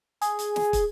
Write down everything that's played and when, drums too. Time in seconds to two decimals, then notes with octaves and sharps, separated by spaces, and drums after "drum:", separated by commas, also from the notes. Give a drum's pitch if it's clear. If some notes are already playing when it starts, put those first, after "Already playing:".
0.21 G#4, drum: hi-hat
0.39 drum: hi-hat
0.56 drum: snare
0.73 drum: kick, hi-hat